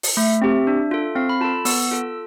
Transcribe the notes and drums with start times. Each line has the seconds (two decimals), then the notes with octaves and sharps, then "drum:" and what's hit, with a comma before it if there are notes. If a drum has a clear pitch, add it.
0.03 drum: open hi-hat
0.17 A3 E5
0.42 C4 G4
0.67 D4
0.91 F4 A4
1.16 C4 F5
1.29 B5
1.41 F4 A4 A5
1.65 B3 E6, drum: open hi-hat
1.91 F4 A4